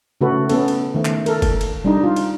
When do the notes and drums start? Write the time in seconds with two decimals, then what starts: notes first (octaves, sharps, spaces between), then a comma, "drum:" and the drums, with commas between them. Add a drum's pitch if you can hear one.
0.21 C#3 A3 F#4 A4 B4
0.49 B3 C#4 A4, drum: cymbal
0.68 drum: cymbal
0.94 D#3 A3
1.05 drum: clap
1.26 A4 A#4, drum: cymbal
1.42 drum: kick F#1, cymbal
1.61 drum: cymbal
1.84 G3 D4 D#4
2.04 F4
2.16 drum: cymbal